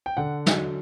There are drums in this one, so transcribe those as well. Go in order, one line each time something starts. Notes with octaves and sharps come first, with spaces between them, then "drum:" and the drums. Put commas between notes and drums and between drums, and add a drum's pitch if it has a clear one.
G5
D3 F#5
F#3, drum: snare